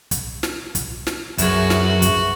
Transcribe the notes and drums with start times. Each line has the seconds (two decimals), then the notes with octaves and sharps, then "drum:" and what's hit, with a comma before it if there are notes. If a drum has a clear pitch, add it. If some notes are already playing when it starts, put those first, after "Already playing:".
0.11 drum: kick, hi-hat
0.43 drum: snare
0.75 drum: kick, hi-hat
1.07 drum: snare
1.38 F#2 B3 F#4 G#4 E5, drum: kick, hi-hat
1.70 drum: snare
2.02 drum: kick, hi-hat